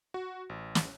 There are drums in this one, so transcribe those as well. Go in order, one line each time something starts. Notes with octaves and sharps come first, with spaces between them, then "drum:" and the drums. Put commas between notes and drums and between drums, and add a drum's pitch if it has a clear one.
F#4
A1
drum: snare